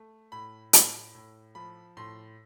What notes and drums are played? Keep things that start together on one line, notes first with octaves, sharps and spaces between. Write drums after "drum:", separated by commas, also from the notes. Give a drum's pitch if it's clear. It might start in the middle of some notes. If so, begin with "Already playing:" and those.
Already playing: A3
A2 B5
A2 B5, drum: hi-hat
A2
F3 B5
A2 C6